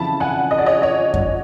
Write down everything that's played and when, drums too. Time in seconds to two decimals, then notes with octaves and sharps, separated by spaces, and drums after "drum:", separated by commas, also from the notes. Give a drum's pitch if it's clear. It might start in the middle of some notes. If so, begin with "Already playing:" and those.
Already playing: F2 C#3 E3 A5 B5
0.20 F#5 G#5
0.51 D#5
0.58 D5
0.66 C#5 D#5
0.82 C#5 D#5
1.14 drum: kick F#2